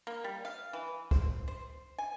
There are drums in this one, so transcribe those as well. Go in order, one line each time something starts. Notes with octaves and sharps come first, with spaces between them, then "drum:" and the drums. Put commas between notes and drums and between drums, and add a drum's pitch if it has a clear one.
A#3
G3
F5
E3
C5, drum: kick
C5
G#5